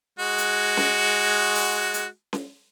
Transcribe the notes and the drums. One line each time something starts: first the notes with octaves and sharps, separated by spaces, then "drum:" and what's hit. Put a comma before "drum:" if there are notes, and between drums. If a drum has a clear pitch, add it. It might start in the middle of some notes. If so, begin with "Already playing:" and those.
G#3 F#4
drum: hi-hat
drum: snare C#4
drum: open hi-hat
drum: hi-hat
drum: snare C#4